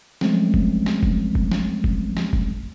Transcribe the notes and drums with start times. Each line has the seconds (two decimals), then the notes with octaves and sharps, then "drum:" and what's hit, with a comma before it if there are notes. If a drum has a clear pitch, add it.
0.21 F3 F#3 G#3 A3 C4 C#4, drum: snare
0.54 drum: kick
0.86 drum: snare
1.03 drum: kick
1.35 drum: kick
1.52 drum: snare
1.84 drum: kick
2.17 drum: snare
2.33 drum: kick